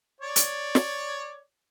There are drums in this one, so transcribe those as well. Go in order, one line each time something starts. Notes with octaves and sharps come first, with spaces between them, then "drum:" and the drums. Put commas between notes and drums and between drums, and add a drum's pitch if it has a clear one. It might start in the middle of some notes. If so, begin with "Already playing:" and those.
C#5 D5
drum: hi-hat
drum: snare